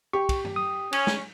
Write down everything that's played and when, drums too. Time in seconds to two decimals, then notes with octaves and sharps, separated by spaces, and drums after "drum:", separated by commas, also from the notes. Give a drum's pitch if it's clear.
0.13 G4 C#6
0.29 drum: kick, cymbal
0.45 drum: tom G2
0.56 D#6
0.92 C#4, drum: cymbal
1.07 drum: snare